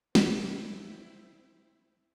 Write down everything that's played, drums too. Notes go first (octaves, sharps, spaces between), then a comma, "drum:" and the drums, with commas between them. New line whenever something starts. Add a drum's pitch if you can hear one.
C4 E4, drum: snare